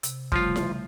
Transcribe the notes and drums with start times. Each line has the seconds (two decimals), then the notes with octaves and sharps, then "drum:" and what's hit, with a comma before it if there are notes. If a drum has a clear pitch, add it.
0.03 C3, drum: hi-hat
0.32 C#3 F3 G3 A3 F4, drum: kick
0.56 drum: snare E4